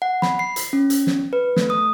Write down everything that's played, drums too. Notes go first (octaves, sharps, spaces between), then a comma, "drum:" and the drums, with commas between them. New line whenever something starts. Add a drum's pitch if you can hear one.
F#5
B5, drum: snare
C7
drum: hi-hat
C#4
drum: hi-hat
drum: snare
B4
A3, drum: snare
D#6